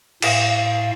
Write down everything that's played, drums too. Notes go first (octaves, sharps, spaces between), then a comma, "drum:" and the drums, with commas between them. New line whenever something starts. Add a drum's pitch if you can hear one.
A2 F5, drum: cymbal